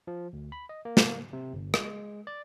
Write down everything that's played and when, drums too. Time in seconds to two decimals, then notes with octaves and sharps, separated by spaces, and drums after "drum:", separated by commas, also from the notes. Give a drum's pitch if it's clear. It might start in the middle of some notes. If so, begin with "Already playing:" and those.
0.07 F3
0.33 D2
0.52 B5
0.69 D#5
0.85 A#3
0.97 drum: snare
1.33 C3
1.53 G1
1.74 G#3, drum: rim click
2.27 D5